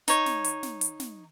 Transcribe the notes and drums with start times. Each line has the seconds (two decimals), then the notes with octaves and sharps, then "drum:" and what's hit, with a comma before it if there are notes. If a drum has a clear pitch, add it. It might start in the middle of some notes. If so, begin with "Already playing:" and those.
0.08 D#4 C#5, drum: hi-hat
0.26 drum: snare
0.44 drum: hi-hat
0.63 drum: snare
0.81 drum: hi-hat
1.00 drum: snare